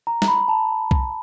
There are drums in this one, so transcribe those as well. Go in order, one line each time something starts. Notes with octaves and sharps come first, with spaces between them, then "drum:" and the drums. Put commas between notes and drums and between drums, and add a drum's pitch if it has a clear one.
A#5
A#5, drum: snare
B5
A5
drum: kick B1